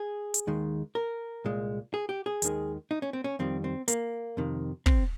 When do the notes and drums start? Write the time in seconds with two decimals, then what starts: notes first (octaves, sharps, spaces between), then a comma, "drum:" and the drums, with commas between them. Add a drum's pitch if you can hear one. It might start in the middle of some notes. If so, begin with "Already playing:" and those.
Already playing: G#4
0.34 drum: hi-hat
0.47 D#2 D#3 G#3
0.95 A#4
1.45 C2 A#2 G#3
1.94 G#4
2.09 G4
2.26 G#4
2.42 D#2 D#3 G#3, drum: hi-hat
2.91 D#4
3.02 C#4
3.13 C4
3.24 C#4
3.39 F2 D#3 G3 C4
3.64 C4
3.88 A#3, drum: hi-hat
4.37 F2 C3 D#3
4.86 C4, drum: kick